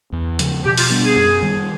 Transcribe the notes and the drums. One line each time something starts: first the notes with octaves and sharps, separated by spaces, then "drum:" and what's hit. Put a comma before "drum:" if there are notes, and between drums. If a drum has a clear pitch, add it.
E2
C#3 F3, drum: hi-hat
B2 G4
F4, drum: open hi-hat
G3 B3 D4
G#4
F#2
D#3 G3